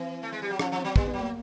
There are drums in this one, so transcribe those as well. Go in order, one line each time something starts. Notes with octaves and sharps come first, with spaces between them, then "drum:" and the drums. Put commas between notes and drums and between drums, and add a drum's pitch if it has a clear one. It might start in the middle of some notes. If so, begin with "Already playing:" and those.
Already playing: E3 C4
A3
G#3
G3
F#3
F3 C#4, drum: rim click
F3
C4
F#3
G3 B3, drum: kick
B3
F#3
A#3